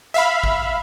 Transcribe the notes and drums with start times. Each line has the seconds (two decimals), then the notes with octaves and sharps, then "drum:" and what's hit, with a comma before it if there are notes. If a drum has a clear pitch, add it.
0.14 E5 F5 B5
0.44 drum: kick